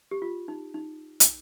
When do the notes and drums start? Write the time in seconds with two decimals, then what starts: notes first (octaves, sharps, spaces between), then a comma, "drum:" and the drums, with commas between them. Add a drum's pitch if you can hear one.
0.11 G4
0.22 F4
0.48 D#4
0.74 D#4
1.20 drum: hi-hat